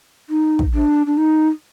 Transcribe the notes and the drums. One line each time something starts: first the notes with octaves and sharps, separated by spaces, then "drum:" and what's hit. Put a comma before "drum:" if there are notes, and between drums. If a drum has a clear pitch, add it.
D#4
drum: kick
D4
D4
D#4